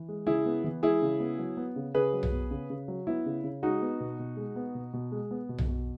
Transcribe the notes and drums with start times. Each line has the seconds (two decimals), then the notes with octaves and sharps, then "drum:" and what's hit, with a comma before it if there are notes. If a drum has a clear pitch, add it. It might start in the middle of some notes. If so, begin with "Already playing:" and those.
Already playing: E3
0.09 G#3
0.27 C#3 E4 G#4
0.46 B3
0.64 E3
0.83 G#3 E4 G#4
1.02 C#3
1.20 B3
1.39 F#3
1.57 B3
1.76 C#3
1.94 C#3 G#4 B4
2.13 F#3
2.23 drum: tom B1
2.32 B3
2.51 C#3
2.70 C#3
2.88 F#3
3.07 B3 E4
3.26 C#3
3.44 C#3
3.63 G#3 D#4 F#4
3.82 B3
4.00 B2
4.19 B2
4.37 G#3
4.56 B3
4.75 B2
4.93 B2
5.12 G#3
5.31 B3
5.49 B2
5.58 drum: tom B1
5.68 B2